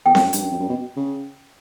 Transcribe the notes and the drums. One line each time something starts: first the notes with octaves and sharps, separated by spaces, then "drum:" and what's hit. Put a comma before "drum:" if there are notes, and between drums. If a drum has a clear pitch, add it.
E2 G5
F2, drum: snare C4
F#2
G2, drum: hi-hat
F#2
F2
F#2
B2
C#3